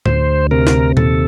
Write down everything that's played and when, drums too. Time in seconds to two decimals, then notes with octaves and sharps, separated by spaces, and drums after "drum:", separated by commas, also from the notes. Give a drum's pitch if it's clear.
0.06 D2 C5, drum: tom A2
0.51 C3 A#4
0.67 drum: snare
0.97 D#2 A4, drum: tom A#2